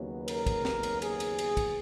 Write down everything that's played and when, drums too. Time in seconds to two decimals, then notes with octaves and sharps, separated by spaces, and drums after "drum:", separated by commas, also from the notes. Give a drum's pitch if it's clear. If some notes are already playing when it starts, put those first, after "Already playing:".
Already playing: D#2 C#3 F#3 B3
0.28 A#4, drum: cymbal
0.46 drum: kick, cymbal
0.65 drum: snare
0.83 drum: cymbal
1.02 G#4, drum: cymbal
1.20 drum: cymbal
1.39 drum: cymbal
1.57 drum: kick, cymbal